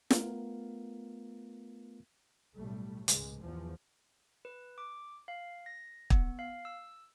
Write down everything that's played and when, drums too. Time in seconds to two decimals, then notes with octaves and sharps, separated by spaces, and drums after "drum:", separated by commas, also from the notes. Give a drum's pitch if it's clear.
0.10 A3 B3 F4 A#4 F5, drum: snare
2.55 B1 A2 G3 A3
3.08 C#2 G#2 G#3, drum: hi-hat
3.40 E2 F3
4.45 B4
4.78 D6
5.28 F5
5.66 A#6
6.10 B3, drum: kick
6.39 F5
6.65 E6